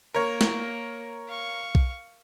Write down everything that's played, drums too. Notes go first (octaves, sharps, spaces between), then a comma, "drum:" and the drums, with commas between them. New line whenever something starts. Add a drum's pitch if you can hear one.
A#3 A#4 C#5
drum: snare
F5 C#6
drum: kick B1